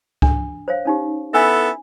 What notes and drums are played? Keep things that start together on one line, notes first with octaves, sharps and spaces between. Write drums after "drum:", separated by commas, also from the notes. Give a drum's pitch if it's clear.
D4, drum: kick C#2
C5 C#5 F5
C#4 D#4 G4
B3 E4 A4 E5 G#5